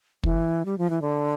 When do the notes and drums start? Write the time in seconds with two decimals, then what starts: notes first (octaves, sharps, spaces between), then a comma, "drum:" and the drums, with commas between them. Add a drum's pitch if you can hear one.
0.24 E3, drum: kick
0.65 G3
0.78 F3
0.90 E3
1.02 D3